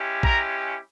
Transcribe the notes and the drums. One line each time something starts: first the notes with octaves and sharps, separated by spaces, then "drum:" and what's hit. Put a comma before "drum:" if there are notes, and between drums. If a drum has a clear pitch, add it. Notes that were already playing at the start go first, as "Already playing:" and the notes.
Already playing: G#3 C#4 E4 G4
A#4 A#5, drum: kick